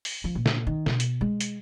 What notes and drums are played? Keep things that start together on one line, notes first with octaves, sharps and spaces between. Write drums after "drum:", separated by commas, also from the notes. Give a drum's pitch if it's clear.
drum: open hi-hat
F3
A#2
drum: snare
D#3
B2, drum: snare
drum: hi-hat
G#3
drum: hi-hat